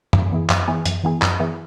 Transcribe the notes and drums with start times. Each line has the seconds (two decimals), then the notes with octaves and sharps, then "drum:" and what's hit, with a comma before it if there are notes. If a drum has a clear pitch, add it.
0.13 F#2, drum: tom
0.31 E3 B3 E4 G#4
0.50 F#2, drum: clap
0.68 E3 B3 E4 G#4
0.86 F#2, drum: hi-hat
1.04 E3 B3 E4 G#4
1.22 F#2, drum: clap
1.40 E3 B3 E4 G#4